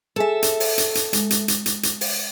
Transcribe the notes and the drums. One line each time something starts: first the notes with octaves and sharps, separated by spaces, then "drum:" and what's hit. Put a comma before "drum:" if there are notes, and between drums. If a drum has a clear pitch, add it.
G#4 A4 E5 G#5
drum: hi-hat
drum: open hi-hat
drum: hi-hat
drum: hi-hat
G#3, drum: hi-hat
drum: hi-hat
drum: hi-hat
drum: hi-hat
drum: hi-hat
drum: open hi-hat